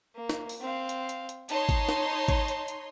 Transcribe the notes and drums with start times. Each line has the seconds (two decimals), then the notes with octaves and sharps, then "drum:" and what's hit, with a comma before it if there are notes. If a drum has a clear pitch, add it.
0.15 A#3
0.29 drum: snare
0.49 drum: open hi-hat
0.61 C4 F5
0.89 drum: hi-hat
1.09 drum: hi-hat
1.29 drum: hi-hat
1.49 D#4 C#5 A5 C6, drum: hi-hat
1.69 drum: kick G#1, hi-hat
1.89 drum: snare
2.28 drum: kick G#1, hi-hat
2.48 drum: hi-hat
2.68 drum: hi-hat